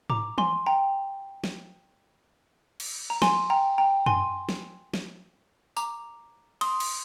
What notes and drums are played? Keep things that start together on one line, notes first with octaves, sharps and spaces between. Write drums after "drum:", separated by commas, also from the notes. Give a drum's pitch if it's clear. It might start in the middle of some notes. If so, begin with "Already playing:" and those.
A#5 D6, drum: tom G#2
G#5 C6, drum: tom E3
G5 A#5
drum: snare
drum: cymbal
A#5
G#5 C6, drum: snare
G5 A#5
G5 A#5
G#5 C6, drum: tom F#2
drum: snare
drum: snare
A#5 D6, drum: tambourine
C6 D#6, drum: cymbal
drum: cymbal